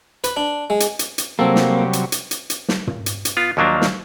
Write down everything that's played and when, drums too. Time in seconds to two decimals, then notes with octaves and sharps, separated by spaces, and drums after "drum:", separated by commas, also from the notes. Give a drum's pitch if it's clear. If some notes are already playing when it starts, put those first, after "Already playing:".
0.24 B4, drum: hi-hat
0.37 D4
0.70 G#3
0.80 drum: hi-hat
0.99 drum: hi-hat
1.18 drum: hi-hat
1.39 C3 F#3 G3 A#3 C4 A4
1.56 drum: snare
1.93 drum: hi-hat
2.12 drum: hi-hat
2.31 drum: hi-hat
2.50 drum: hi-hat
2.68 drum: snare
2.87 drum: tom
3.06 drum: hi-hat
3.25 drum: hi-hat
3.37 B3 F4
3.57 D#2 F3 F#3 A#3 D4
3.81 drum: snare